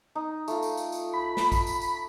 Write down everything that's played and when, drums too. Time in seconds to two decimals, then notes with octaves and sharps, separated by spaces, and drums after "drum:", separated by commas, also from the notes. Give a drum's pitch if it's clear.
0.15 D#4
0.48 A3 F4, drum: tambourine
0.63 drum: tambourine
0.77 drum: tambourine
0.92 drum: tambourine
1.14 B5
1.37 drum: snare
1.52 drum: kick, tambourine
1.67 drum: tambourine
1.82 drum: tambourine